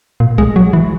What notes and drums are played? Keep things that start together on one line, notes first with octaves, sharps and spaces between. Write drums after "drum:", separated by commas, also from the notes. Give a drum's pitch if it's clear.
A#2
G#3, drum: kick C2
F#3
E3